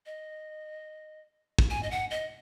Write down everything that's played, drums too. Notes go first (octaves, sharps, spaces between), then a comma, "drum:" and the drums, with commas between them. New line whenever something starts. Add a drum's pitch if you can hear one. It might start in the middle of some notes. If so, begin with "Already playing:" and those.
D#5
drum: kick
G#5
D#5
F#5
D#5